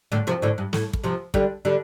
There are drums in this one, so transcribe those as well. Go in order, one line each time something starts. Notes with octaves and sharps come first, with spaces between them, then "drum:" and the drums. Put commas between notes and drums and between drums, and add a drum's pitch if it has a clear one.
A2 D3
C3 F3
A2 D3
G2
A2, drum: snare
drum: kick
C3 F3
D3 G3, drum: kick
D3 G3